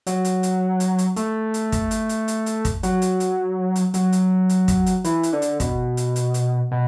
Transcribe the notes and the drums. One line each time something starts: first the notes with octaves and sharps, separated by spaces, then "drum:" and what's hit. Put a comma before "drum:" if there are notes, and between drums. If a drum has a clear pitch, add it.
F#3, drum: hi-hat
drum: hi-hat
drum: hi-hat
drum: hi-hat
drum: hi-hat
A3, drum: hi-hat
drum: hi-hat
drum: kick, hi-hat
drum: hi-hat
drum: hi-hat
drum: hi-hat
drum: hi-hat
drum: kick, hi-hat
F#3, drum: hi-hat
drum: hi-hat
drum: hi-hat
drum: hi-hat
F#3, drum: hi-hat
drum: hi-hat
drum: hi-hat
drum: kick, hi-hat
drum: hi-hat
E3, drum: hi-hat
drum: hi-hat
D3
drum: hi-hat
B2, drum: kick, hi-hat
drum: hi-hat
drum: hi-hat
drum: hi-hat
B2